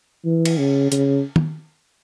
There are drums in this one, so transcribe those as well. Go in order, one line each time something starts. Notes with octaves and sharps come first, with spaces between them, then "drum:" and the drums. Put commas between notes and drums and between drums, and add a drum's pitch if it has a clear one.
E3
drum: cymbal
C#3
C#3, drum: hi-hat
drum: tom